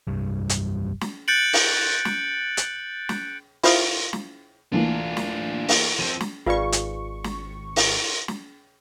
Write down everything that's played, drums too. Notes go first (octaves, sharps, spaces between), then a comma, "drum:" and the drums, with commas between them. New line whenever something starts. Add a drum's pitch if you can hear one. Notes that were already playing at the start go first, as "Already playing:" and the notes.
F1 C2 G2 G3
drum: hi-hat
drum: snare
F#6 G6 A6 C#7 D7 F#7
drum: open hi-hat
drum: snare
drum: hi-hat
drum: snare
E4 F4 C5 F5 D#6, drum: open hi-hat
drum: snare
D2 E3 A#3 D4 F4
drum: snare
drum: open hi-hat
F3 C4 D#7
drum: snare
G#1 F4 G#4 B4 D5 F5 C#6
drum: hi-hat
drum: snare
drum: open hi-hat
drum: snare